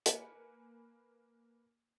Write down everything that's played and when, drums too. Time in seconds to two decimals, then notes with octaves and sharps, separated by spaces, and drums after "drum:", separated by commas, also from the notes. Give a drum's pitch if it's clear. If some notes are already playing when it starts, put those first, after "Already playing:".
0.06 A#3 B4 G#5 C#7, drum: hi-hat